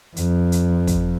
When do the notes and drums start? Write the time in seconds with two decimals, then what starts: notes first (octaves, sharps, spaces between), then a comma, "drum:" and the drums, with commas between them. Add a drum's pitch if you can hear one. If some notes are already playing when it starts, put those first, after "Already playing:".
0.16 F2, drum: hi-hat
0.52 drum: hi-hat
0.87 drum: kick, hi-hat